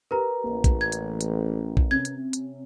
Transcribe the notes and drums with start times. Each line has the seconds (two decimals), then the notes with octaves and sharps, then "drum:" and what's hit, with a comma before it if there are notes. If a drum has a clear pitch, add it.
0.11 G4 A#4 B4 A#5
0.44 A1 A#3
0.64 drum: kick A#1, hi-hat
0.81 G#6
0.92 drum: hi-hat
1.21 drum: hi-hat
1.77 drum: kick A#1
1.91 C3 C#4 G#6
2.05 drum: hi-hat
2.33 drum: hi-hat